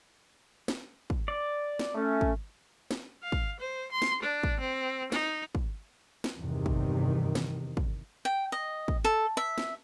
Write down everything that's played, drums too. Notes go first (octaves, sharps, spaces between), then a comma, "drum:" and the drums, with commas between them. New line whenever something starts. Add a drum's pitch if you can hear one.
drum: snare
drum: kick
D5
drum: snare
A3 C#4
drum: kick
drum: snare
F5
drum: kick
C5
C6
drum: snare
D4
drum: kick
C4
D#4, drum: snare
drum: kick
drum: snare
E2 G2 C3 D#3
drum: kick
drum: snare
drum: kick
G5
D#5
drum: kick
A4
E5
drum: snare